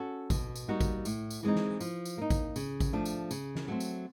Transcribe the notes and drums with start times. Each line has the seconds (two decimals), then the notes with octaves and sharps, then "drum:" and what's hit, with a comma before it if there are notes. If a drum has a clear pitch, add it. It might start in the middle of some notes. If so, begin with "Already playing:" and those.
Already playing: C#4 F#4 A4
0.30 B2, drum: kick A1, tambourine
0.56 drum: tambourine
0.68 G3 A#3 D#4 F#4
0.81 drum: kick A1, tambourine
1.05 A2, drum: tambourine
1.31 drum: tambourine
1.43 E3 G#3 C4 D#4
1.55 drum: snare
1.80 F3, drum: tambourine
2.05 drum: tambourine
2.18 A#3 D#4
2.30 drum: kick A1, tambourine
2.56 C#3, drum: tambourine
2.80 drum: kick A1, tambourine
2.93 F3 A3 D4
3.05 drum: tambourine
3.31 C#3, drum: tambourine
3.55 drum: snare
3.68 F#3 A3 C4
3.80 drum: tambourine